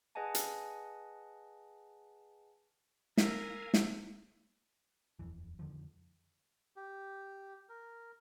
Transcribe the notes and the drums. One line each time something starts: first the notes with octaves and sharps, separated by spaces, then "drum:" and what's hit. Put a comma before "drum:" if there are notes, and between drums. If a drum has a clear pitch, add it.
G#4 B4 D#5 F#5 G#5 A5
drum: hi-hat
A#4 F5 G#5 E6 B6, drum: snare
drum: snare
D#1 F2 E3
F2 D3 D#3 F3
G4
A#4